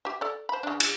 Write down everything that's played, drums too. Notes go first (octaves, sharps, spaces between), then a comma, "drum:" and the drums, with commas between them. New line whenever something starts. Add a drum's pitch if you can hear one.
G4 E5
A4 D5
C5 B5
C#3 D4
drum: cymbal